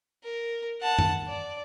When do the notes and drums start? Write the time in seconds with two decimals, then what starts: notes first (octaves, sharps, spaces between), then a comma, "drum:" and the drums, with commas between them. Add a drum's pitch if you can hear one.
0.24 A#4
0.81 F#5 A5
0.99 drum: tom F#2
1.28 D5